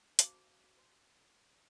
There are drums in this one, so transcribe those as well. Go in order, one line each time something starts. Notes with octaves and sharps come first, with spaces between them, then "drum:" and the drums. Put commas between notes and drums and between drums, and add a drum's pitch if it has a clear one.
C#4 F#4 C5 F5 A5 D6, drum: hi-hat
C#5 C6